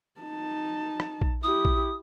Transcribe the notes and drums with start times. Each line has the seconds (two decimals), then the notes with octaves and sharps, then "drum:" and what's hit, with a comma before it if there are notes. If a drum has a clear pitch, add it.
0.21 D#4 A5
1.00 drum: rim click
1.21 drum: kick A#1
1.43 E4 G4 D#6
1.65 drum: kick A#1